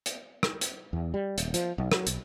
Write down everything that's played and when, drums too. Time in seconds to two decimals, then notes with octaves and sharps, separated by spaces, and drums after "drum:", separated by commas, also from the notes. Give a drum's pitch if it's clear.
0.06 drum: hi-hat
0.43 drum: rim click
0.61 drum: hi-hat
0.93 E2
1.14 G3
1.38 D#1, drum: hi-hat
1.54 F3, drum: hi-hat
1.78 B1
1.92 F#3, drum: rim click
2.07 B1, drum: hi-hat